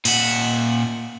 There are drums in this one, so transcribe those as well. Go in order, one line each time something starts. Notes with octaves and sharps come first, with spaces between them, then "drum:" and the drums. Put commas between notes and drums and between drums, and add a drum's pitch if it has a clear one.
A#2 F#5, drum: cymbal